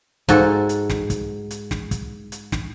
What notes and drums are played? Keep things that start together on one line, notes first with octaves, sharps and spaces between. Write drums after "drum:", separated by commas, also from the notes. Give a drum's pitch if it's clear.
G#2 F#4 A4, drum: kick, hi-hat
drum: hi-hat
drum: snare
drum: kick, hi-hat
drum: hi-hat
drum: snare
drum: kick, hi-hat
drum: hi-hat
drum: snare